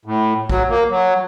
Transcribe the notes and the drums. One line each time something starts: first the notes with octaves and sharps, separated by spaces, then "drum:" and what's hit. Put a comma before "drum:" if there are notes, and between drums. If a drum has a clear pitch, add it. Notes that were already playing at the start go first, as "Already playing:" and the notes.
A2
F#3, drum: kick A#1
A#3
F#3